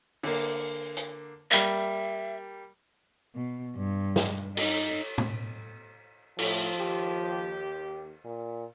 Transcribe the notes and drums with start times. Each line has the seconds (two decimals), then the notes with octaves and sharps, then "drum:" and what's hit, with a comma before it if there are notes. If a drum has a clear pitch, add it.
0.23 D3 A#3, drum: open hi-hat
0.97 drum: hi-hat
1.51 G3 A#3 E5
3.35 B2
3.76 G2
4.16 drum: snare
4.57 D#4, drum: cymbal
5.18 drum: tom A2
6.39 A2 F3, drum: cymbal
6.79 D#2 G4
8.25 A#2